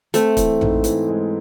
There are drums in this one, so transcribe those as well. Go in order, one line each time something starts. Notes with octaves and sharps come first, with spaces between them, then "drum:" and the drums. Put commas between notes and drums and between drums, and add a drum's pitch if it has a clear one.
A3 C4, drum: hi-hat
E3, drum: kick, hi-hat
G#2, drum: tom A1
E3, drum: hi-hat
G#3